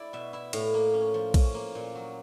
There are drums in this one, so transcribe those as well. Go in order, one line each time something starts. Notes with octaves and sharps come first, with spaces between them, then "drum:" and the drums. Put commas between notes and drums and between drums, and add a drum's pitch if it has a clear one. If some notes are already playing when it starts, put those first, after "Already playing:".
Already playing: E4 D5
B2 E5
E4 E5
A2 F5, drum: cymbal
A#3
C#4
F3
C#4, drum: kick A#1, cymbal
A#3
A#2
F#3